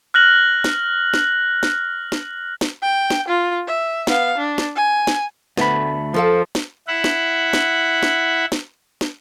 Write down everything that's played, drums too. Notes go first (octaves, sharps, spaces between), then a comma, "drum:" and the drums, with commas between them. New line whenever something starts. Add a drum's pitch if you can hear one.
F6 F#6 A#6 F#7
drum: snare
drum: snare
drum: snare
drum: snare
drum: snare
G5
drum: snare
F4
E5
B3 F5, drum: snare
D4
drum: snare
G#5
drum: snare
D2 A3 B3 B5, drum: snare
F2 F3 A4 F5
drum: snare
E4 E5 F#5
drum: snare
drum: snare
drum: snare
drum: snare
drum: snare